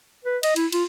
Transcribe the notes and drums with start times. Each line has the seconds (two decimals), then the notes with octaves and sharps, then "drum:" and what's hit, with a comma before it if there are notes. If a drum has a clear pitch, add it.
0.25 B4
0.43 D#5, drum: cymbal
0.56 E4, drum: cymbal
0.72 F4, drum: cymbal